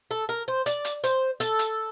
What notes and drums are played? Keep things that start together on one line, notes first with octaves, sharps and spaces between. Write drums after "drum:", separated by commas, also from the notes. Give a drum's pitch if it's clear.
A4
A#4
C5
D5, drum: hi-hat
drum: hi-hat
C5, drum: hi-hat
A4, drum: hi-hat
drum: hi-hat